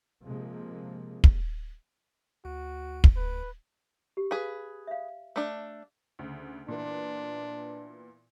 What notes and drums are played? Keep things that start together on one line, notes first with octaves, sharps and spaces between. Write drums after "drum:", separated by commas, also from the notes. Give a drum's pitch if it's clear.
C3 F3 G#3 A#3
drum: kick
D2 F#4
drum: kick
B4
G4
G#4 B4 F5
E5 F5
A3 D4
D2 C#3
A#2 E3 B3 D4